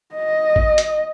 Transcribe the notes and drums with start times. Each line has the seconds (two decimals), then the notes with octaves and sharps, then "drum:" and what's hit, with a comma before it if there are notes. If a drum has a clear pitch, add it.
0.15 D#5
0.56 drum: kick G#1
0.78 drum: hi-hat